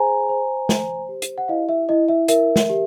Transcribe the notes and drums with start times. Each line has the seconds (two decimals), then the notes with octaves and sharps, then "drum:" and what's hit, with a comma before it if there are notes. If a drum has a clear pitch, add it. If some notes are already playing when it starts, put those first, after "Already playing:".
Already playing: G#4 C5 G#5 A#5
0.29 C5
0.69 C5, drum: snare
1.09 G4
1.22 drum: hi-hat
1.38 F#5
1.48 E4 D#5 F5
1.69 E5
1.89 E4 D#5
2.08 E5
2.28 A#4 E5, drum: hi-hat
2.56 drum: snare
2.70 G4